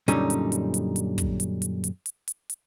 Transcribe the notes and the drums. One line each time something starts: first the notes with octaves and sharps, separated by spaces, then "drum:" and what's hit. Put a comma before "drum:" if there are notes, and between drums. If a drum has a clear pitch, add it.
F#2 A#2 D3 G3 C#4 D#4, drum: hi-hat
drum: hi-hat
drum: hi-hat
drum: hi-hat
drum: hi-hat
drum: kick, hi-hat
drum: hi-hat
drum: hi-hat
drum: hi-hat
drum: hi-hat
drum: hi-hat
drum: hi-hat